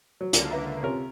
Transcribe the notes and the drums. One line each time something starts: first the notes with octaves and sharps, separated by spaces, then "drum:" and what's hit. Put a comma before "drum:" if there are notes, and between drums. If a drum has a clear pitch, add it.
F#3
C#2 D3 A#3, drum: hi-hat
B4 E5 A#5
C3 C#4 F4 A#4